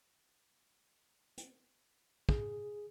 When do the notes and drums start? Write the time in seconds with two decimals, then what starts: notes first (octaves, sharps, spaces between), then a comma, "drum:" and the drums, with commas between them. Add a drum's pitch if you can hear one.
1.37 drum: hi-hat
2.29 G#4, drum: kick